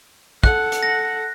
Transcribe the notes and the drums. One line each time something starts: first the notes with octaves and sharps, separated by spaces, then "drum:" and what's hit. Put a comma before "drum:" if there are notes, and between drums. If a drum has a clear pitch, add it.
A4 F#5 F#6, drum: kick
drum: hi-hat
A#6